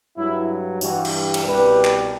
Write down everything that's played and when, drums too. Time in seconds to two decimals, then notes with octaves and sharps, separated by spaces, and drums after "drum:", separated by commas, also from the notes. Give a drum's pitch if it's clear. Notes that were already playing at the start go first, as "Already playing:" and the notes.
0.17 G2 F#3 E4
0.81 G2 E3 G3 F#4, drum: tambourine
1.05 drum: cymbal
1.34 drum: cymbal
1.45 C2 B2 G3 B4
1.85 drum: clap